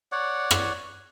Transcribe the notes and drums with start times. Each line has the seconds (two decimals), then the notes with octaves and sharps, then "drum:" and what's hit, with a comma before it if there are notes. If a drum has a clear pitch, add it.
0.12 C#5 D5 F#5
0.51 drum: rim click